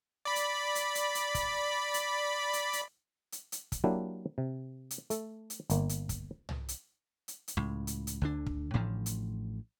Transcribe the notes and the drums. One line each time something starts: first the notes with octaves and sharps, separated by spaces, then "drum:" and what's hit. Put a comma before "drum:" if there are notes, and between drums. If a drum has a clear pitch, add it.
D5 B5
drum: hi-hat
drum: hi-hat
drum: hi-hat
drum: hi-hat
drum: kick, hi-hat
drum: hi-hat
drum: hi-hat
drum: hi-hat
drum: hi-hat
drum: hi-hat
drum: kick, hi-hat
F#3 A#3 D4 E4 G4
C3
drum: hi-hat
A3 A4, drum: hi-hat
drum: hi-hat
G1 A#3, drum: hi-hat
drum: hi-hat
drum: kick, hi-hat
drum: tom
drum: hi-hat
drum: hi-hat
drum: hi-hat
C#2 A2
drum: hi-hat
drum: hi-hat
D2 D3 D4
drum: kick
A1 A2 D3 F3
drum: hi-hat